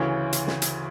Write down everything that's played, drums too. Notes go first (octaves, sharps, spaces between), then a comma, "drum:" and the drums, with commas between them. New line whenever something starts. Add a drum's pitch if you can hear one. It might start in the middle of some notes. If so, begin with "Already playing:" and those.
Already playing: D2 C#3 E3 C#5
drum: hi-hat
drum: snare
drum: hi-hat